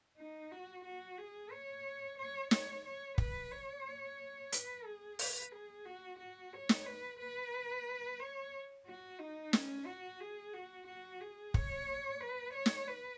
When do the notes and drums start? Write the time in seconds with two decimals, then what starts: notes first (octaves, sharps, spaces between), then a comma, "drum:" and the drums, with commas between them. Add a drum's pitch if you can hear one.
0.18 D#4
0.52 F#4
0.84 F#4
1.18 G#4
1.51 C#5
2.18 C#5
2.51 C#5, drum: snare
2.85 C#5
3.18 B4, drum: kick
3.51 C#5
4.52 B4, drum: hi-hat
4.86 G#4
5.19 B4, drum: open hi-hat
5.52 G#4
5.86 F#4
6.19 F#4
6.53 C#5
6.69 drum: snare
6.86 B4
7.19 B4
8.20 C#5
8.86 F#4
9.19 D#4
9.53 C#4, drum: snare
9.86 F#4
10.21 G#4
10.53 F#4
10.87 F#4
11.21 G#4
11.54 C#5, drum: kick
12.20 B4
12.54 C#5
12.66 drum: snare
12.87 B4